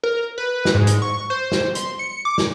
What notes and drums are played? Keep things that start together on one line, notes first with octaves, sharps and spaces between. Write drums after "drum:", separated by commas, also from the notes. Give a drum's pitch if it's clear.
A#4
B4
drum: snare
G#2
drum: hi-hat
C#6
C5
drum: snare
C6, drum: hi-hat
C#7
D6
drum: snare